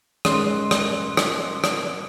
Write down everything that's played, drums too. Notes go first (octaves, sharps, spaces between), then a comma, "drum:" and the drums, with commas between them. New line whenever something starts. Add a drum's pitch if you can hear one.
D#3 G#3 C#4 D#5 C6 F#6, drum: rim click
drum: rim click
drum: rim click
drum: rim click